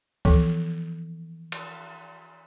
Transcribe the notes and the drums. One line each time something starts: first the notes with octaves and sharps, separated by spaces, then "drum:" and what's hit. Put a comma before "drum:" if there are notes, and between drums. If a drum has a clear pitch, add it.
E3 F3 B3 A4, drum: kick C2
drum: cymbal